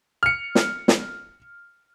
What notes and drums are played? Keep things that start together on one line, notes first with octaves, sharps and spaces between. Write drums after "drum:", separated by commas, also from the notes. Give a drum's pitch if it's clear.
F6 C#7
drum: snare
drum: snare